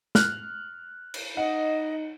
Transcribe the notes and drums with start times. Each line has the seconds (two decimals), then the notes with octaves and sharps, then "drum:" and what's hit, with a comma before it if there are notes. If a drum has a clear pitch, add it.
0.15 F6 F#6, drum: snare
1.14 drum: cymbal
1.37 D#4 D#5 F#5